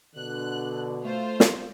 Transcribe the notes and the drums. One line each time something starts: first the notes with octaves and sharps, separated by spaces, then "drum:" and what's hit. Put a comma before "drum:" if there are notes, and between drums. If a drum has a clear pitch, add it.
B2 D3 F#6
A3 F4 C5
drum: snare